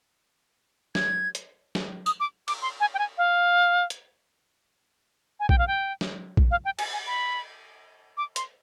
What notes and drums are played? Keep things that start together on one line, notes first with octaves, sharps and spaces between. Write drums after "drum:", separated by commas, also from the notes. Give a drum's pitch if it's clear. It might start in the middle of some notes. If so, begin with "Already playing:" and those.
G#6, drum: snare
drum: hi-hat
drum: snare
D#6, drum: tambourine
D6
D6, drum: cymbal
C6
G#5
G5
G#5
F5
drum: hi-hat
G#5
G5, drum: kick A#1
F5
G5
drum: snare
drum: kick A#1
F5
G5
G#5, drum: cymbal
G#5
B5
D6
C6, drum: hi-hat